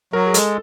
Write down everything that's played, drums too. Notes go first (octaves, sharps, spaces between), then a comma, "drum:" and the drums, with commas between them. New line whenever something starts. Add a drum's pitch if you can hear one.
F#3 A#4
G#4
G#3 A4, drum: hi-hat